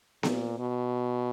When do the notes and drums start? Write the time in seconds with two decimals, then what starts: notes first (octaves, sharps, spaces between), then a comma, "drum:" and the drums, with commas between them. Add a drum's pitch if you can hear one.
0.23 A#2, drum: snare B3
0.59 B2